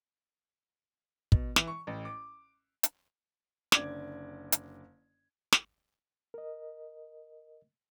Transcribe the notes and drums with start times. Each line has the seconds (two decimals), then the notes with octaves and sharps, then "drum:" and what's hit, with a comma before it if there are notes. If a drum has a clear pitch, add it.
1.32 B2, drum: kick
1.56 E3, drum: snare
1.67 C#6
1.87 A1
2.05 D6
2.83 drum: hi-hat
3.72 F#1 D3 D5 D6 G#6, drum: snare
4.52 drum: hi-hat
5.52 drum: snare
6.34 A#4 D#5